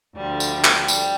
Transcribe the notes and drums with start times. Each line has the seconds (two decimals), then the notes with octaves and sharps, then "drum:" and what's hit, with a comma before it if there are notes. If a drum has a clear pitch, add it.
0.16 D2 D3 F3 G3
0.40 drum: tambourine
0.64 drum: clap
0.88 drum: tambourine